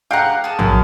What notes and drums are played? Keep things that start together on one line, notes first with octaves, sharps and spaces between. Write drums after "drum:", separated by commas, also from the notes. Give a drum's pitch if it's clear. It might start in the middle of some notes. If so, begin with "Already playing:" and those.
G4 F5 F#5 A#5 F#6
G#4 A5
F#2, drum: tom A#1